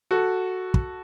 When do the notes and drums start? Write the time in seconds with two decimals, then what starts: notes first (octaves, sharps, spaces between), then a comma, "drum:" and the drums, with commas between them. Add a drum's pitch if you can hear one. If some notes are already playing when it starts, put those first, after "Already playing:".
0.11 F#4 A4
0.74 drum: kick